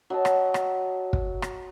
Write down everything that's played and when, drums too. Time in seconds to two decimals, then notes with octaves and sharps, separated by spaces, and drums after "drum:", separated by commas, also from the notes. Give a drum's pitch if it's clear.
0.10 F#3 D#5 A5
0.25 drum: rim click
0.54 drum: rim click
1.13 drum: kick
1.42 drum: rim click